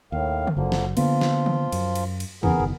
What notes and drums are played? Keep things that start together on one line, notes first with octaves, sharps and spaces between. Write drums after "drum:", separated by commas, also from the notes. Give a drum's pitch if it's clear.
D#2 A2 D#3 F5
drum: tom C#3
F#1 D3 F3 F#3 A#3
drum: snare
D3 F3 A#3 B3 F4, drum: cymbal
drum: snare
drum: tom D#3
F#2, drum: cymbal
drum: cymbal
drum: cymbal
E2 C#3 E3 B3 G#4 A#4, drum: tom E2
F#1 B2 D#3